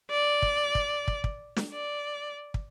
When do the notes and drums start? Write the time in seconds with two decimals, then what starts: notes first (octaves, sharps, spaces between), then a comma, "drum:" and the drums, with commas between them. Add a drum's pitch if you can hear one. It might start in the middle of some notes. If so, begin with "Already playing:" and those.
0.10 D5
0.42 drum: kick
0.75 drum: kick
1.08 drum: kick
1.24 drum: kick
1.56 drum: snare
1.73 D5
2.54 drum: kick